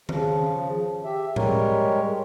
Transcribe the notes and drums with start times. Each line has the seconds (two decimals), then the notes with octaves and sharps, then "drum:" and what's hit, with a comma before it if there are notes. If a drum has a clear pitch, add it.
0.09 C#3 F3, drum: tom D#3
1.04 G4 E5
1.36 G3 G#3 A#4 C#5, drum: tom A2